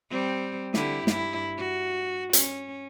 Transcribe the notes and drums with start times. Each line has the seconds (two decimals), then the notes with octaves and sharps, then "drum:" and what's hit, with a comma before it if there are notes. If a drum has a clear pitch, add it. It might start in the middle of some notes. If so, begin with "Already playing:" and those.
0.11 G3 C4
0.74 D3 E4 G4, drum: snare
1.07 G2 E4, drum: snare
1.58 F#4
2.33 C#4, drum: hi-hat